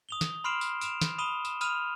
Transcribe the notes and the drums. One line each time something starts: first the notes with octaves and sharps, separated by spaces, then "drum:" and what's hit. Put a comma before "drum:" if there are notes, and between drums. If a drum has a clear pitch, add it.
D#6 F7 G7
drum: snare
B5 C6 F6 C7 D7 E7
drum: tambourine
D7 E7 F7, drum: tambourine
drum: snare
B5 D#6 D#7 E7 G7
E7, drum: tambourine
B5 D#6 F6 D#7 F7, drum: tambourine